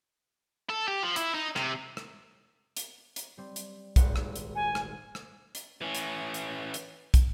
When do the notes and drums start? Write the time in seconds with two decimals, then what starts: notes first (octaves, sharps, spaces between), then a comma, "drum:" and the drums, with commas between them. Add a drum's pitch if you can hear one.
0.70 A4
0.88 G4
1.03 F3
1.16 E4, drum: hi-hat
1.34 D#4
1.56 C3, drum: rim click
1.97 drum: rim click
2.77 drum: hi-hat
3.16 drum: hi-hat
3.37 G3 C4
3.56 drum: hi-hat
3.96 D#1 G#1 F#5, drum: kick, hi-hat
4.16 drum: rim click
4.36 drum: hi-hat
4.55 F#4 G#5
4.75 drum: rim click
5.15 drum: rim click
5.55 drum: hi-hat
5.82 E3 C#4
5.95 drum: hi-hat
6.34 drum: hi-hat
6.74 drum: hi-hat
7.14 drum: kick, hi-hat